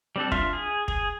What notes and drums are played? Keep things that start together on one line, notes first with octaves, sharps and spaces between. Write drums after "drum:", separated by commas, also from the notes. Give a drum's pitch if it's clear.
G3 C4 D4 A4
D4 F4 E5 C6 F6, drum: kick
G#4
G#4, drum: kick